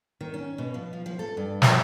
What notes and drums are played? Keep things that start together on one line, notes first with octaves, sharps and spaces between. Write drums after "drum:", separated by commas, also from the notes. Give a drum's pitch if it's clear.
D#3
C#4
B2
F3
F3
F3
A4
G2
F3, drum: snare